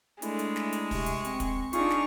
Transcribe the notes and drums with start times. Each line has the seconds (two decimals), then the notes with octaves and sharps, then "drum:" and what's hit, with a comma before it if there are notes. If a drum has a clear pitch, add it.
0.22 G#3 A3 D4 E4, drum: hi-hat
0.39 drum: hi-hat
0.56 drum: snare
0.73 drum: hi-hat
0.91 C3 C#6, drum: kick, open hi-hat
1.06 drum: hi-hat
1.25 C4, drum: hi-hat
1.40 drum: kick, hi-hat
1.73 D4 D#4 F4 G#4 C#6, drum: hi-hat
1.90 drum: snare